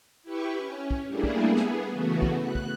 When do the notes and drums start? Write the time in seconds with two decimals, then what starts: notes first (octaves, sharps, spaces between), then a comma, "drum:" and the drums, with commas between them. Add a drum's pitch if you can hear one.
0.23 E4 G4 B4 C#6
0.54 C#4
0.91 drum: kick
1.08 G3 A3 A#3 D4 E4 G#4
1.23 drum: kick
1.46 B3 G#4
1.56 drum: snare
1.92 C#3 E3 A3 B3 F#4
2.22 drum: kick
2.39 F#6
2.55 drum: kick